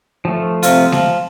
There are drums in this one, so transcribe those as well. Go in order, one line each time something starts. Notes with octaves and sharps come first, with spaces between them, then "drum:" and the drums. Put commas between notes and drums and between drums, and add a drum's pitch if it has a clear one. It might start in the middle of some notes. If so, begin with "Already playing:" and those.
F3 A3
C3 C4 F4, drum: hi-hat
F3, drum: snare G#3